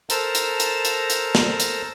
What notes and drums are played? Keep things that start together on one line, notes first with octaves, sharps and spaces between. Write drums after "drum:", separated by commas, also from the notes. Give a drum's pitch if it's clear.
A4 A#4 C5 A5 A#5, drum: hi-hat
drum: hi-hat
drum: hi-hat
drum: hi-hat
drum: hi-hat
drum: snare
drum: hi-hat